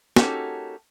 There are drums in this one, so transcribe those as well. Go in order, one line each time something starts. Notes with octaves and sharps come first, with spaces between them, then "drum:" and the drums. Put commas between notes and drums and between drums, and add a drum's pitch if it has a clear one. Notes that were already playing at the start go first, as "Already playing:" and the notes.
A#3 C#4 D#4 F#4 G4 A4, drum: snare